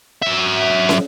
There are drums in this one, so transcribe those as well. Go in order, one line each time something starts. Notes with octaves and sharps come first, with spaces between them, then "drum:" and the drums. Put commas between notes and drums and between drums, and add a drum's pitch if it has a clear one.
F#3 E5
drum: snare